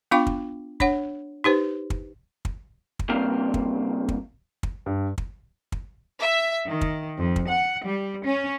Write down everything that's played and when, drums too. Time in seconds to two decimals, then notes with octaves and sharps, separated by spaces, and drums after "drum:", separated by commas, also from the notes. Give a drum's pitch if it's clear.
0.11 B3 D4 F4 F5 G5 D6
0.27 drum: kick
0.80 D4 C#5 F#5, drum: kick
1.44 D#4 G4 B4 C5
1.90 drum: kick
2.45 drum: kick
2.99 drum: kick
3.09 G2 C#3 A#3 C4 F5
3.54 drum: kick
4.09 drum: kick
4.63 drum: kick
4.86 G2
5.18 drum: kick
5.72 drum: kick
6.21 E5
6.68 D#3
6.81 drum: kick
7.18 F2
7.36 drum: kick
7.50 F#5
7.86 G3
8.26 C#4